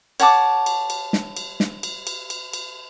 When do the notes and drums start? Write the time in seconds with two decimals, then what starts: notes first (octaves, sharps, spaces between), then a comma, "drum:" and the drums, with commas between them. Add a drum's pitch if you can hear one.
0.20 C#5 F#5 A5 D6, drum: cymbal
0.66 drum: cymbal
0.90 drum: cymbal
1.13 drum: snare
1.37 drum: cymbal
1.60 drum: snare
1.83 drum: cymbal
2.07 drum: cymbal
2.30 drum: cymbal
2.53 drum: cymbal